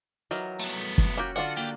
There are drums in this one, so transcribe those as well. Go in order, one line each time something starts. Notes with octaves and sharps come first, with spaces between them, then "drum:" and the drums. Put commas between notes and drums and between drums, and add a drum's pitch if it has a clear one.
D#3 E3 F#3 A#4
A3 B3
drum: kick
A#3 C#4 F#4 G4
D3 D4 F4 F#4 F#5
A#3 G4